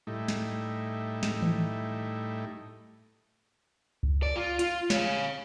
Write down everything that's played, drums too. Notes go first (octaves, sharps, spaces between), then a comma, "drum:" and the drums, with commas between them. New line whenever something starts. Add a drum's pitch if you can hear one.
A2 G3 A3 D#4 E4
drum: snare
drum: snare
drum: tom D#3
drum: kick C#2
D5
F4
F4, drum: hi-hat
C#5 F5, drum: snare